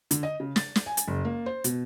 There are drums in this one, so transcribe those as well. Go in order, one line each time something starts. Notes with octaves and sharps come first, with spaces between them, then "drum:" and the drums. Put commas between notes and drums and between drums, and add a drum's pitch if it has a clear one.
D3, drum: hi-hat
D#5
C#3
A6, drum: snare
drum: snare
G#5
drum: hi-hat
F#1
A#3
C5
B2, drum: hi-hat